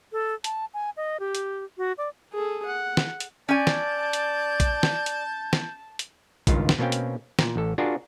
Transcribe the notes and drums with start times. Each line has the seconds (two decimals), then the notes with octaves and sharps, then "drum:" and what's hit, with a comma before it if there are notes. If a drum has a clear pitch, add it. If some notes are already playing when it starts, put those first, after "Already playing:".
0.12 A4
0.44 A5, drum: hi-hat
0.74 G#5
0.97 D#5
1.20 G4
1.35 drum: hi-hat
1.78 F#4
1.98 D5
2.33 G#4 A4
2.65 F#5
2.97 drum: snare
3.20 drum: hi-hat
3.49 C#4 D5 G#5 A5 G6
3.67 drum: snare
4.13 drum: hi-hat
4.60 drum: kick A#1, hi-hat
4.83 drum: snare
5.06 drum: hi-hat
5.53 drum: snare
5.99 drum: hi-hat
6.47 C#2 G2 D#3 F4 F5, drum: kick A#1, hi-hat
6.69 drum: snare
6.79 B2 A#3 C4 C#4 F5 G5
6.92 drum: hi-hat
7.39 A#2, drum: snare
7.56 A1 A4
7.78 D4 F4 F#4 G#4 A#4